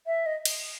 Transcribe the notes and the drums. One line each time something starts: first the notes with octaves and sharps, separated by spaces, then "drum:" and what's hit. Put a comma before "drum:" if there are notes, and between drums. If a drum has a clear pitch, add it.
E5
D#5
drum: cymbal